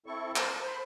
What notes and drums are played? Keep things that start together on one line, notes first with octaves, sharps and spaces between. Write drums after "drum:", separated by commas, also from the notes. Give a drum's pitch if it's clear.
C4 E4 A4 C#6
A#4 C5 A5, drum: clap
C5 B5